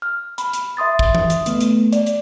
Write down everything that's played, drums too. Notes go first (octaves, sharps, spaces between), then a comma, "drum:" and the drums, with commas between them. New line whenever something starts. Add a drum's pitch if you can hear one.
F6
B5, drum: hi-hat
drum: hi-hat
E5 C6 D#6 A6
drum: kick
drum: tom E3
drum: hi-hat
A3 B3, drum: hi-hat
drum: hi-hat
D5, drum: hi-hat
drum: hi-hat